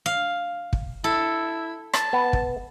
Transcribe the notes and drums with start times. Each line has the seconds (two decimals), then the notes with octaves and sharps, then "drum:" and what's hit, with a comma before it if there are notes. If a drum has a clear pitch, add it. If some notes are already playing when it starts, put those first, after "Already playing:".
0.06 F5
0.73 drum: kick
1.04 E4 A4
1.94 A5, drum: rim click
2.13 B3
2.33 drum: kick